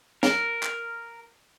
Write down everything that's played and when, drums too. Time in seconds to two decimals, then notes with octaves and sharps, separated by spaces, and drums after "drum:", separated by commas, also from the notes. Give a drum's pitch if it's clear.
0.23 A#4, drum: snare
0.63 drum: clap